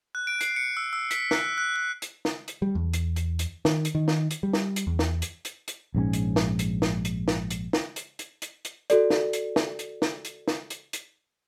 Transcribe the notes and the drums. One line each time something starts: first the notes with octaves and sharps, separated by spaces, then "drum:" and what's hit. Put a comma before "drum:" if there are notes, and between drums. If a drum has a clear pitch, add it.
F#6
D7
C7, drum: hi-hat
C#7
E6
E6
B6, drum: hi-hat
F#6, drum: snare
F#6
F#6
drum: hi-hat
drum: snare
drum: hi-hat
G3
E2
drum: hi-hat
drum: hi-hat
drum: hi-hat
D#3, drum: snare
drum: hi-hat
D#3
drum: snare
drum: hi-hat
G3
drum: snare
drum: hi-hat
E2
drum: snare
drum: hi-hat
drum: hi-hat
drum: hi-hat
A#1 G#2 B2 C#4
drum: hi-hat
drum: snare
drum: hi-hat
drum: snare
drum: hi-hat
drum: snare
drum: hi-hat
drum: snare
drum: hi-hat
drum: hi-hat
drum: hi-hat
drum: hi-hat
F#4 A4 D5, drum: hi-hat
drum: snare
drum: hi-hat
drum: snare
drum: hi-hat
drum: snare
drum: hi-hat
drum: snare
drum: hi-hat
drum: hi-hat